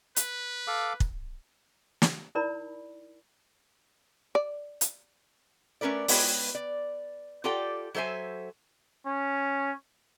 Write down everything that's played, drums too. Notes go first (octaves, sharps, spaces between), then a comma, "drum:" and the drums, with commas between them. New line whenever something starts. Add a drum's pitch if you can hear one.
B4, drum: hi-hat
A4 F5 D6
drum: kick
drum: snare
D#4 E4 A#4 D5 B5
D5
drum: hi-hat
A3 C#4 A#4 B4 D5
G#3 B3 B4 C#5 G5, drum: open hi-hat
D5
F4 G4 A4 D5 F#5 G5
F#3 A4 C5 E5 G#5
C#4